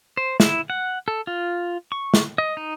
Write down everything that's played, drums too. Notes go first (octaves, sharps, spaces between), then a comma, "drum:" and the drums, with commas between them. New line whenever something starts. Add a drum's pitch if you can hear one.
C5
E4, drum: snare
F#5
A4
F4
C#6
drum: snare
D#5
D#4